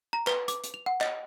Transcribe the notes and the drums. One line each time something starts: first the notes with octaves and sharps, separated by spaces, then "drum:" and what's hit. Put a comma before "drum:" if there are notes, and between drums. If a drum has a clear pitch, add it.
A#5
B4, drum: clap
D6, drum: hi-hat
drum: hi-hat
F7
F#5
D#5, drum: clap